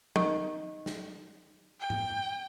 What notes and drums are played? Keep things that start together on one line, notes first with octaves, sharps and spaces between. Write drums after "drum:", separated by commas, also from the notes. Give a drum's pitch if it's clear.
D#3, drum: tom
drum: snare
G5
drum: tom G#2